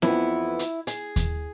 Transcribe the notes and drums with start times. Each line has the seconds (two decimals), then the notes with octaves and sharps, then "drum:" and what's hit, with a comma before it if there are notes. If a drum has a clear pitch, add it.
0.02 F2 E3 B3 E4, drum: snare B3
0.59 drum: hi-hat
0.87 G#4, drum: hi-hat
1.16 drum: kick D#2, hi-hat